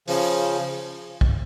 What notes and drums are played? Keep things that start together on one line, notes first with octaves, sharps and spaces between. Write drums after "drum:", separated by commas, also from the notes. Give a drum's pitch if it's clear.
C#3 F3, drum: open hi-hat
drum: kick